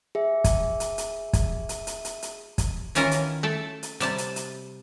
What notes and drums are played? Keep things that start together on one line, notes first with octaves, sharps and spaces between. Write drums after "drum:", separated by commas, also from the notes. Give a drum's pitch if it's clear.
G#4 E5
drum: kick, hi-hat
drum: hi-hat
drum: hi-hat
drum: kick, hi-hat
drum: hi-hat
drum: hi-hat
drum: hi-hat
drum: hi-hat
drum: kick, hi-hat
D#3 E3 C#4 F4 A#4, drum: hi-hat
drum: hi-hat
A3 A4
drum: hi-hat
C3 G3 A5, drum: hi-hat
drum: hi-hat
drum: hi-hat